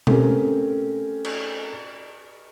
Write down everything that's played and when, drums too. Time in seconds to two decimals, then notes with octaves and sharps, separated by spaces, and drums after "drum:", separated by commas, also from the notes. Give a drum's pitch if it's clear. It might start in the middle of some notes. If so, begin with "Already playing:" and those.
0.07 A3 C4 C#4 G4 A#4, drum: tom B2
1.24 drum: cymbal